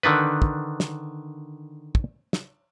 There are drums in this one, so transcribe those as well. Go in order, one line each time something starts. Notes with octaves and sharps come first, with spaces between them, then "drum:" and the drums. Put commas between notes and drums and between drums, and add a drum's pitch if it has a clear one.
D3 D#3 D4 B4
drum: kick
drum: snare
drum: kick
drum: snare